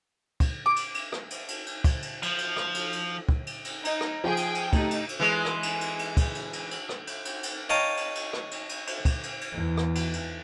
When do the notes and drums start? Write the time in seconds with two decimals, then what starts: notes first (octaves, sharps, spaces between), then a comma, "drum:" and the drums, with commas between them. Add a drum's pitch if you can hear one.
0.40 drum: kick, cymbal
0.66 D6
0.76 drum: cymbal
0.94 drum: cymbal
1.12 drum: rim click
1.30 drum: cymbal
1.48 drum: cymbal
1.66 drum: cymbal
1.84 drum: kick, cymbal
2.02 drum: cymbal
2.23 F3, drum: cymbal
2.38 drum: cymbal
2.56 drum: rim click
2.74 drum: cymbal
2.93 drum: cymbal
3.29 drum: kick
3.47 drum: cymbal
3.65 drum: cymbal
3.85 D#4, drum: cymbal
4.01 drum: rim click
4.24 F3 G#4 G5
4.37 drum: cymbal
4.55 drum: cymbal
4.73 A3 D#4 G4, drum: kick, cymbal
4.91 drum: cymbal
5.09 drum: cymbal
5.20 E3 G#3
5.45 drum: rim click
5.63 drum: cymbal
5.81 drum: cymbal
5.99 drum: cymbal
6.17 drum: kick, cymbal
6.35 drum: cymbal
6.53 drum: cymbal
6.71 drum: cymbal
6.89 drum: rim click
7.07 drum: cymbal
7.25 drum: cymbal
7.43 drum: cymbal
7.69 C#5 D#5 F5 G5 A5 A#5
7.97 drum: cymbal
8.15 drum: cymbal
8.33 drum: rim click
8.51 drum: cymbal
8.69 drum: cymbal
8.87 drum: cymbal
9.05 drum: kick, cymbal
9.23 drum: cymbal
9.41 drum: cymbal
9.54 E2
9.77 drum: rim click
9.95 drum: cymbal
10.13 drum: cymbal